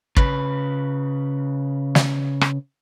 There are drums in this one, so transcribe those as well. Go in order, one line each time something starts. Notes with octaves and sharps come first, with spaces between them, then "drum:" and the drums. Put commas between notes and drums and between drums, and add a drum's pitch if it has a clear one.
C#3 B4, drum: kick
drum: snare
drum: rim click